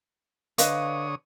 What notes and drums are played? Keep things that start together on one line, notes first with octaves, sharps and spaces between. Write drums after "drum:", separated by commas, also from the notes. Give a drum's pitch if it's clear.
D3 B4 C#5 D#5 F5 D#6, drum: hi-hat